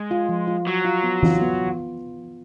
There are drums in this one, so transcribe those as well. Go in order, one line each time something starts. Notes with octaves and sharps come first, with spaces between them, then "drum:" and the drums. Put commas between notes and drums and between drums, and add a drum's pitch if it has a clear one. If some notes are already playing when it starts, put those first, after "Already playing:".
Already playing: G#3
F4
F3
F4
F#3 F4
F4
B3
F4, drum: tom E3
B3